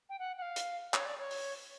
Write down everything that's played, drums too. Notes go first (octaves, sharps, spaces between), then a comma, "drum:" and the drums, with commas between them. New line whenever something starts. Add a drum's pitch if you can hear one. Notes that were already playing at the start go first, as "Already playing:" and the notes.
G5
F#5
F#5
F5
drum: hi-hat
C#5, drum: clap
D5
C#5
drum: open hi-hat